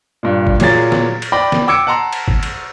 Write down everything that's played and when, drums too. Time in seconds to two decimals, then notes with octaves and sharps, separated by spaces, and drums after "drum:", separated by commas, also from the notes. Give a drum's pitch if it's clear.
0.23 G2 A#2
0.47 drum: kick G1
0.60 A#2 F#3 G#4 A6, drum: cymbal
0.92 drum: snare
1.22 drum: cymbal
1.32 D5 G5 B5 A#6
1.52 drum: snare
1.67 G5 D6 E6 G#6 C#7 D7
1.87 F#5 A5 A#5 C6
2.13 drum: cymbal
2.28 drum: kick G1
2.43 drum: cymbal